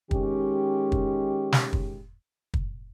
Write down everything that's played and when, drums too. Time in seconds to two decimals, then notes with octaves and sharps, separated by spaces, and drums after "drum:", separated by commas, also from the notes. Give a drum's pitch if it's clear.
0.11 D#3 G#3 C#4 G4, drum: kick
0.92 drum: kick
1.52 drum: snare
1.73 drum: kick
2.54 drum: kick